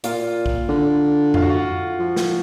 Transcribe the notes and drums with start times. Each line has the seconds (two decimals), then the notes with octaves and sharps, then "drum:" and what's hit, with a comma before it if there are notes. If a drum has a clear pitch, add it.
0.04 A#2 F4, drum: hi-hat
0.46 drum: kick
0.69 D3
1.34 F4, drum: tom F2
1.42 F#4
1.50 F4
1.99 F3
2.16 drum: snare